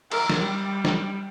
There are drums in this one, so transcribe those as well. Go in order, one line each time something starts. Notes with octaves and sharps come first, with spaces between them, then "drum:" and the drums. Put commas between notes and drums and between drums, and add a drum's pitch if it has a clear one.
A#4, drum: cymbal
drum: snare
G3
drum: snare